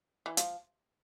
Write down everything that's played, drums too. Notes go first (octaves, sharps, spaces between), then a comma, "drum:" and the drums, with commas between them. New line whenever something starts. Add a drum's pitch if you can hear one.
E3
F3, drum: hi-hat